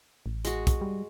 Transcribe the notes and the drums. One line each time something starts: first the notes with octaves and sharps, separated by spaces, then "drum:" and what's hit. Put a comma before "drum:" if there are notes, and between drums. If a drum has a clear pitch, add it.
A1
G#3 F#4, drum: hi-hat
drum: kick, hi-hat
G3